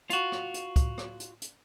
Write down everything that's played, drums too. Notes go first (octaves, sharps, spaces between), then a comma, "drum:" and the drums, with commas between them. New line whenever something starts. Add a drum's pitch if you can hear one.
F4 F#4, drum: hi-hat
drum: rim click
drum: hi-hat
drum: kick, hi-hat
drum: rim click
drum: hi-hat
drum: hi-hat